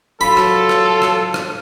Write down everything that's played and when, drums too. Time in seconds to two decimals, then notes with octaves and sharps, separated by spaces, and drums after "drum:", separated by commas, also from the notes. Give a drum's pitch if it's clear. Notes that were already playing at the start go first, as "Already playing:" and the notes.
0.21 F#3 F4 A4 B5
0.37 drum: rim click
0.69 drum: rim click
1.02 drum: rim click
1.34 drum: rim click